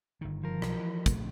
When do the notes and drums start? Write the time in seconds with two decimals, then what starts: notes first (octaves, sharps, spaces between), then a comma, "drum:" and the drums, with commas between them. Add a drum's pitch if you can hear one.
0.21 G1 D#3
0.43 F3 A#4
0.62 B1, drum: rim click
0.79 E3
1.06 A#1 A3, drum: kick, hi-hat